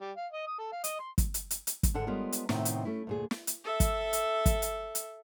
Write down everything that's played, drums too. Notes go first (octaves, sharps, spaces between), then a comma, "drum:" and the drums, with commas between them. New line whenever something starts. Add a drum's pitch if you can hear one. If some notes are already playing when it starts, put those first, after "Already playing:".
G3
F5
D#5
D#6
A4
F5
D#5, drum: hi-hat
C6
drum: kick, hi-hat
drum: hi-hat
drum: hi-hat
drum: hi-hat
drum: kick, hi-hat
G#2 D3 D4 A4 F#5 G5
G3 G#3 B3 F4 A#4 C#5
drum: hi-hat
A2 C3 D#3 B3 C4 D#4, drum: snare
drum: hi-hat
A3 C#4 E4
D2 A#2 G#4
drum: snare
drum: hi-hat
A4 E5
drum: kick, hi-hat
drum: hi-hat
drum: kick, hi-hat
drum: hi-hat
drum: hi-hat